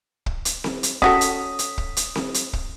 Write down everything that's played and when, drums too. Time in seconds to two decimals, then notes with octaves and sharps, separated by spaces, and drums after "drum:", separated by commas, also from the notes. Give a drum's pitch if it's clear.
0.26 drum: kick
0.45 drum: hi-hat
0.64 drum: snare C4
0.83 drum: hi-hat
1.02 C#4 F#4 A4 D#6 B6, drum: kick
1.21 drum: hi-hat
1.59 drum: hi-hat
1.78 drum: kick
1.97 drum: hi-hat
2.15 drum: snare C4
2.34 drum: hi-hat
2.53 drum: kick